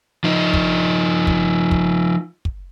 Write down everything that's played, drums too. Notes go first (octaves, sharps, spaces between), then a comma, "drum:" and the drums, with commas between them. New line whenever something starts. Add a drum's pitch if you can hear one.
F3 D#4
drum: kick
drum: kick
drum: kick
drum: kick